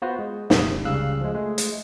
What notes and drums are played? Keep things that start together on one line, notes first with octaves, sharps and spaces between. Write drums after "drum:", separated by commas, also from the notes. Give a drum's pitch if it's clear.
B3 F4 F#4 B4 C5
G#3
A#1 F2 C3 D#6, drum: snare
C#2 C#3 G3 F5 E6 F#6
F3 G#3
G#3 A3
drum: hi-hat